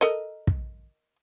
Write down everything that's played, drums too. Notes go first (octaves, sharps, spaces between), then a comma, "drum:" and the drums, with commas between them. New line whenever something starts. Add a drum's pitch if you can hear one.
A4 A#4 D#5
drum: kick